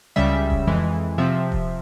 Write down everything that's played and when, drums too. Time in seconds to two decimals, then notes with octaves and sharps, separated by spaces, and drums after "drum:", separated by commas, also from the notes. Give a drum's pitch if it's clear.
0.16 C#2 C#3 G3 E5
0.50 drum: kick D#1
0.67 F2 E3 G#3
1.18 C3 F3 C4 E5
1.52 drum: kick D#1